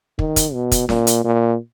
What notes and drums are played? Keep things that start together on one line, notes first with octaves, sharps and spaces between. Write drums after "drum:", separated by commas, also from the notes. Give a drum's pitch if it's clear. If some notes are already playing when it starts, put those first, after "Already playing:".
D#3, drum: kick
drum: kick, hi-hat
B2
drum: kick, hi-hat
A#2, drum: snare
drum: hi-hat
A#2